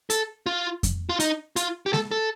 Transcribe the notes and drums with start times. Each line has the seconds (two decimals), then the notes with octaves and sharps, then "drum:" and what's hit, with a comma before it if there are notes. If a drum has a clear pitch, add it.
0.10 A4, drum: hi-hat
0.46 F4
0.83 drum: kick F2, hi-hat
1.09 F4
1.20 D#4, drum: hi-hat
1.56 F4, drum: hi-hat
1.86 G4
1.93 A4, drum: snare G#3
2.11 A4